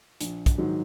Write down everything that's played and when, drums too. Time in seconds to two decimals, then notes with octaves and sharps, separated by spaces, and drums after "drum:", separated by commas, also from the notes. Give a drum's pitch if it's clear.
0.21 A#1, drum: hi-hat
0.46 drum: kick, hi-hat
0.58 G#2 D#3 F#3